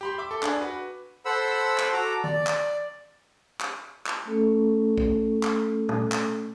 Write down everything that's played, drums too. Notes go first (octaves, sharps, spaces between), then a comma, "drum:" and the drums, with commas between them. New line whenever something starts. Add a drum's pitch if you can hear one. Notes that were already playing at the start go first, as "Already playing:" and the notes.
G4 B5 C6
E5 D6
A4
D4 G#4, drum: clap
F#4 B4
A4 C5 F#5 B5 E6
drum: clap
F#4 A4 A#5 D6
D5, drum: tom D#3
drum: clap
drum: clap
drum: clap
A3 C#4 A4
drum: kick
drum: clap
drum: tom
drum: clap